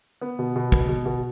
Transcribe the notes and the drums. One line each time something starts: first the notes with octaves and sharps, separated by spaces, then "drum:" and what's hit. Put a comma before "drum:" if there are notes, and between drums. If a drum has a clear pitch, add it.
B3
B2
B2
B3, drum: kick
B2
B2